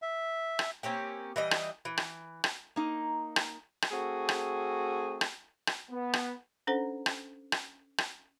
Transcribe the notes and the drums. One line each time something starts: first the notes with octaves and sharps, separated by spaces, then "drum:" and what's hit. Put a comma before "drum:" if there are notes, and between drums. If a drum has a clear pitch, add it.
E5
drum: rim click
A#3 C4 C#4 G4
E3 G3 D#5
drum: rim click
E3
drum: rim click
drum: rim click
A#3 D#4 D#5
drum: rim click
drum: rim click
A3 C4 F#4 G#4
drum: rim click
drum: rim click
drum: rim click
B3
drum: rim click
C#4 D4 A4 C5 F#5 A#5
drum: rim click
drum: rim click
drum: rim click